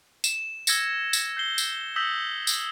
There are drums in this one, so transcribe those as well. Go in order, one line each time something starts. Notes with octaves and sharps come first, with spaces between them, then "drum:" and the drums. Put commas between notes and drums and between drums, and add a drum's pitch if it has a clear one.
E7, drum: tambourine
E6 G#6 A#6 C#7, drum: tambourine
drum: tambourine
G6 C7 G7
drum: tambourine
D#6 E6 G6 A#6 B6
drum: tambourine